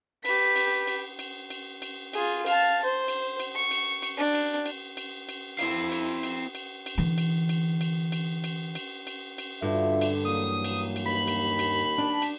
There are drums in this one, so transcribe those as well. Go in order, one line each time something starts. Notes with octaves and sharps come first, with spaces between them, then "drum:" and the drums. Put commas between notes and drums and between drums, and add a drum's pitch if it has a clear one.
G4 B4 B6, drum: cymbal
drum: cymbal
drum: cymbal
drum: cymbal
drum: cymbal
drum: cymbal
F4 G#4, drum: cymbal
F5 A5, drum: cymbal
C5
drum: cymbal
drum: cymbal
C#6
drum: cymbal
drum: cymbal
D4
drum: cymbal
drum: cymbal
drum: cymbal
drum: cymbal
C4 E4 F5, drum: cymbal
drum: cymbal
drum: cymbal
drum: cymbal
drum: cymbal
D3 E3
drum: cymbal
drum: cymbal
drum: cymbal
drum: cymbal
drum: cymbal
drum: cymbal
drum: cymbal
drum: cymbal
G2 D3 F4 F#4 E5
drum: cymbal
E3 F#3 A#3 D#6
drum: cymbal
drum: cymbal
D#2 B5
drum: cymbal
drum: cymbal
D4 A5
drum: cymbal